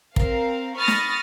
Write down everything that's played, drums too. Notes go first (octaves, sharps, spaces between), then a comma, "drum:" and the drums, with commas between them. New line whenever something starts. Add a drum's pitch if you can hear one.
C4 A#4 F5, drum: kick
B5 C#6 D#6 F6 A6 A#6
drum: snare